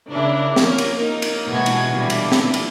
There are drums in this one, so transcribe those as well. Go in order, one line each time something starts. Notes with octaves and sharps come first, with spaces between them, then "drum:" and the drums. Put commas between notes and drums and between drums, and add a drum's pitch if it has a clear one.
C#3 D4 E4 A#4
F3 A#3 C#4 A#4, drum: snare
drum: cymbal
A#3 D#4
drum: cymbal
B2 E3 G#3 F#4 G#6
drum: cymbal
A#2 D3 E3 G3 E4
drum: cymbal
drum: snare
drum: cymbal